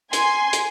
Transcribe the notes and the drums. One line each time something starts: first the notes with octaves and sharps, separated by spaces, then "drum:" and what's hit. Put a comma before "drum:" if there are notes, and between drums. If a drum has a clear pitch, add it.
G#5 C6, drum: hi-hat
drum: hi-hat